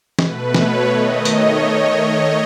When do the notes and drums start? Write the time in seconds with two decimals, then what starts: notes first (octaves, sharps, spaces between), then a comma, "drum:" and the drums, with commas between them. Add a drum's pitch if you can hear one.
0.19 B2 A3 B4, drum: snare
0.55 C#5, drum: snare
0.90 D#3 A3 D#5
1.25 C#5, drum: hi-hat